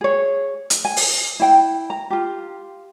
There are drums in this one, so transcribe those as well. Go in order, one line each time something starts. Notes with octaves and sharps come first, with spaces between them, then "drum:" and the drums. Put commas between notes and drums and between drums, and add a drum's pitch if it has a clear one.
G#4 C#5
drum: hi-hat
G#5
drum: open hi-hat
E4 G5
A#5
F4 G4